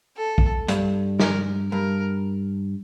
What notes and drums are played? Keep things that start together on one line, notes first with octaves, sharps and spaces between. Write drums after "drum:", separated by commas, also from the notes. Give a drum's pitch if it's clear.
A4
drum: kick
G2, drum: hi-hat
A#4, drum: snare
G2 A#4